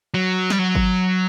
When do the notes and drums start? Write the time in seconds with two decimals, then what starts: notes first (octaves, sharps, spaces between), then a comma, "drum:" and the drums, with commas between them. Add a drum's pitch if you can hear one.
0.14 F#3
0.50 G3, drum: snare
0.59 F#3
0.75 drum: kick G#1